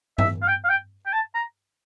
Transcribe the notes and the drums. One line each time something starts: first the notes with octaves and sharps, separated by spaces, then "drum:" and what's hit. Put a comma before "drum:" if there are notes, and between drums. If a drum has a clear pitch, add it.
E5, drum: tom G2
F5
G5
F5
G5
G5
A5
A#5